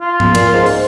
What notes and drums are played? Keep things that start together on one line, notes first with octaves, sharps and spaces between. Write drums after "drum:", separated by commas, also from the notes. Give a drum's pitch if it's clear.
F4
drum: tom
A#2, drum: cymbal
G#2
drum: open hi-hat